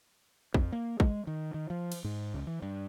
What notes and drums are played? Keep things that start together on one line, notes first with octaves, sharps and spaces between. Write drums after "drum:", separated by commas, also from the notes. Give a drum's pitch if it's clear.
F2, drum: kick
A#3
G#3, drum: kick
D#3
D#3
F3
drum: cymbal
G#2
C#2
E3
G2